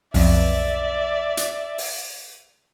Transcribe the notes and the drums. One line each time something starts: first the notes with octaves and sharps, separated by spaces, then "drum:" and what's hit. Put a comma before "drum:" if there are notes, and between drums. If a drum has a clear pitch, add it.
B1 F2 D5 E5, drum: open hi-hat
drum: hi-hat
drum: open hi-hat